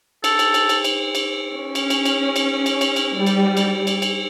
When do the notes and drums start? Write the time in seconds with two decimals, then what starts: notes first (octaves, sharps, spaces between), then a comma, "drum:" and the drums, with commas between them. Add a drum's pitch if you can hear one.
0.24 A4, drum: cymbal
0.39 drum: cymbal
0.54 drum: cymbal
0.69 drum: cymbal
0.84 drum: cymbal
1.15 drum: cymbal
1.54 C#4
1.75 drum: cymbal
1.90 drum: cymbal
2.05 drum: cymbal
2.36 drum: cymbal
2.66 drum: cymbal
2.81 drum: cymbal
2.96 drum: cymbal
3.17 G3
3.26 drum: cymbal
3.57 drum: cymbal
3.87 drum: cymbal
4.02 drum: cymbal